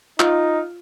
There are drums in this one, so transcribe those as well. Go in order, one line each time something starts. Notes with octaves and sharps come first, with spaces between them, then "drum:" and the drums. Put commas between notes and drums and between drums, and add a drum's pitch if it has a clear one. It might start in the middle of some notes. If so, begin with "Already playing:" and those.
D#4 F4, drum: clap